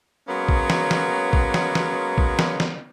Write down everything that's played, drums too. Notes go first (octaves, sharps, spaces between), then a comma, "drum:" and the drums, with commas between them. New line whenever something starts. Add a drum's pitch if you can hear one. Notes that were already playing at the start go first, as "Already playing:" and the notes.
F#3 G#3 A#3 B3 C#4
drum: kick
drum: snare
drum: snare
drum: kick
drum: snare
drum: snare
drum: kick
drum: snare
drum: snare